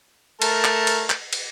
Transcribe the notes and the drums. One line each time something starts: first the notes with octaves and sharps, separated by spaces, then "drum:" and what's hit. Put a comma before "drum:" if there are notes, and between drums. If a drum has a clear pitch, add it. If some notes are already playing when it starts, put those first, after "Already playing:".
A3 A#4 A5, drum: cymbal
drum: clap
drum: cymbal
drum: clap
drum: cymbal